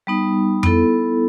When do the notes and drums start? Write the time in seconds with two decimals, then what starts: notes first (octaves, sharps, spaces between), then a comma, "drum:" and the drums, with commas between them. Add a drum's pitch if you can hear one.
0.07 G3 B3 D#4
0.63 B3 E4 A4, drum: tom F2